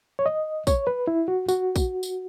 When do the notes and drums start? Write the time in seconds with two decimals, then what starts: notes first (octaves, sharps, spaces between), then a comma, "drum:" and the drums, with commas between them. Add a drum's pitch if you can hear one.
0.19 C#5
0.26 D#5
0.67 C#5, drum: kick, tambourine
0.87 B4
1.07 E4
1.28 F#4
1.49 F#4, drum: tambourine
1.76 drum: kick, tambourine
2.03 drum: tambourine